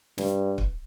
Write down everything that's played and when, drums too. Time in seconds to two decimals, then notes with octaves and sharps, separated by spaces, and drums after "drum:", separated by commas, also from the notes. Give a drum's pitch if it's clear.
0.18 G2, drum: snare
0.58 drum: kick